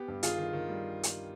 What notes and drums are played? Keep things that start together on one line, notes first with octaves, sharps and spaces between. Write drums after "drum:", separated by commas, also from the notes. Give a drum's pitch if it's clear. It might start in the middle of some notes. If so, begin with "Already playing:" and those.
Already playing: B3 G4
G2
D#3 F4 G#4, drum: hi-hat
D#3
D#3
G3
drum: hi-hat